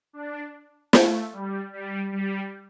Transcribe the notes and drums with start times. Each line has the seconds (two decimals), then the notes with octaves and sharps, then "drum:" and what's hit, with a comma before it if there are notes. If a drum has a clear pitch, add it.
0.13 D4
0.93 A3, drum: snare
1.32 G3
1.73 G3
2.12 G3